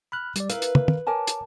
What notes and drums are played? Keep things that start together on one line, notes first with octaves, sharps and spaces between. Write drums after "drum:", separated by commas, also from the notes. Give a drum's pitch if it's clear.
B5 F6 F#6
G3 D5, drum: hi-hat
E4 A#4 B4 F5, drum: hi-hat
drum: hi-hat
drum: tom
drum: tom
A#4 C#5 G#5 A5 D6
drum: hi-hat